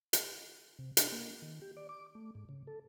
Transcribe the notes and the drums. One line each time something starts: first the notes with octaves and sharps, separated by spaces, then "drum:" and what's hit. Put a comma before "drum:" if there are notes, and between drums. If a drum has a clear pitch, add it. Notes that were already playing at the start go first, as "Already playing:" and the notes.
drum: hi-hat
C3
D4, drum: hi-hat
A#3
D#3
G4
D5
D6
A3
G#2
C#3
A4